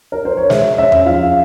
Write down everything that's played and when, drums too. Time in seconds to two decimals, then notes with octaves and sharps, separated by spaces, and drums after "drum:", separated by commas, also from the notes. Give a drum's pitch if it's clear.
0.12 A#4
0.25 C5
0.37 C#5
0.50 G#3 E5, drum: snare
0.77 C#4 E5
0.92 drum: tom E2
1.06 F3 F5